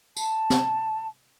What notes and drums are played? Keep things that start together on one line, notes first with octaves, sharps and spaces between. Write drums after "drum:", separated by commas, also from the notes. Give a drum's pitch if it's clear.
A5, drum: tambourine
drum: snare